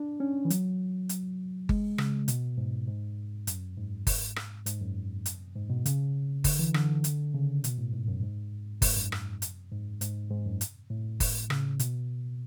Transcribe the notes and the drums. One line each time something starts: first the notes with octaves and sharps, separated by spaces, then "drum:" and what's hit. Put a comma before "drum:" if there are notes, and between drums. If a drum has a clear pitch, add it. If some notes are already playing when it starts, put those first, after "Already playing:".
Already playing: D4
C#4
E3
F#3, drum: hi-hat
drum: hi-hat
G#3, drum: kick G1
C#3, drum: rim click
B2, drum: hi-hat
G#2
G#2
F#2, drum: hi-hat
G#2
drum: kick G1, open hi-hat
drum: rim click
G#2, drum: hi-hat
F#2
drum: hi-hat
G#2
B2
C#3, drum: hi-hat
D3, drum: kick G1, open hi-hat
E3
D3, drum: rim click
drum: hi-hat
C#3
B2, drum: hi-hat
A2
G#2
F#2
G#2
G#2, drum: kick G1, open hi-hat
F#2
drum: rim click
drum: hi-hat
G#2
G#2, drum: hi-hat
G#2
F#2
drum: hi-hat
A2
drum: kick G1, open hi-hat
C#3, drum: rim click
B2, drum: hi-hat